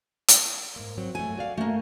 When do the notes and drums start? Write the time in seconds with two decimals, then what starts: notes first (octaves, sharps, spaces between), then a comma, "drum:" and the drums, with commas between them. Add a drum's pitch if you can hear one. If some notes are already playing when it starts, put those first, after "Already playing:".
0.28 drum: hi-hat
0.76 G#2 A#3
0.98 F#3 C4
1.15 F#3 A3 G#5
1.37 F#4 D5 F5
1.57 A3 A#3 F#4